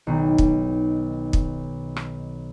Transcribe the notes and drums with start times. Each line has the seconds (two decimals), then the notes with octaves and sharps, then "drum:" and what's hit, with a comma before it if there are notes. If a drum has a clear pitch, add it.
0.07 B1 D#3
0.38 drum: kick
1.33 drum: kick
1.96 drum: rim click